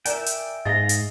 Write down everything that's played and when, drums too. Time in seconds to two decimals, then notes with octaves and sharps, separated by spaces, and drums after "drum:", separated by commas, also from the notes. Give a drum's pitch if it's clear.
0.05 A#4 D5 E5 G5 G#5, drum: hi-hat
0.26 drum: hi-hat
0.65 G#2 G#4 D#5 F5 A6 A#6
0.89 drum: hi-hat